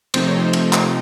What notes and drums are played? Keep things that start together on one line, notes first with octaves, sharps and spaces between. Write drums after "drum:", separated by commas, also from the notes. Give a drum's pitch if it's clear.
C3 F3 A3 C4 D#4 C5, drum: cymbal
C#5
C5
drum: cymbal
drum: clap